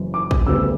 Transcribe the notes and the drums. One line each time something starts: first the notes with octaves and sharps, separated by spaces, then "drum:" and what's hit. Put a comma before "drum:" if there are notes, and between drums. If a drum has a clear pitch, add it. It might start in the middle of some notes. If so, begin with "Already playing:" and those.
Already playing: F#1 F#2 E3
D6
drum: kick
D2 C#3 G3 B3 E6